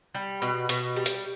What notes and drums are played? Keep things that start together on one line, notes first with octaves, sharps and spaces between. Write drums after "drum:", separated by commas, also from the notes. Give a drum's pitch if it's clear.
G3
B2
B2, drum: hi-hat
G3
drum: hi-hat